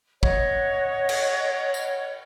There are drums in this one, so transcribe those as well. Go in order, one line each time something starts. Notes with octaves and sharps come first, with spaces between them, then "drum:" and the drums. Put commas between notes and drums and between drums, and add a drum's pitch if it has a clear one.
C#5 D#5 F#5, drum: kick
drum: cymbal
drum: tambourine